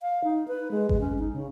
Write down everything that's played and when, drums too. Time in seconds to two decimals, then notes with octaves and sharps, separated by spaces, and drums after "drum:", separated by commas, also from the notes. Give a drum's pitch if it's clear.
0.02 F5
0.24 D#4
0.48 B4
0.71 G#3
0.89 G#3, drum: kick G#1
1.00 C#4
1.19 D#4
1.33 C#3